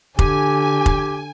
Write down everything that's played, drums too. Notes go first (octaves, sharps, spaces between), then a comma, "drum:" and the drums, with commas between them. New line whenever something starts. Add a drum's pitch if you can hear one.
D3 G4 G#5, drum: kick F1
drum: kick F1